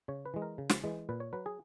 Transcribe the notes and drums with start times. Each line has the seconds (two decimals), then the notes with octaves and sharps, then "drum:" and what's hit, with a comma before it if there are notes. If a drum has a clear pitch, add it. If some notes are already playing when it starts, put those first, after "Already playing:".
0.08 C#3 C#5
0.26 B4
0.34 E3 G#3
0.42 A#4
0.58 C#3
0.69 drum: snare
0.84 E3 G#3
1.09 A#2 B4
1.20 C#5
1.33 F#3 B4
1.46 G#4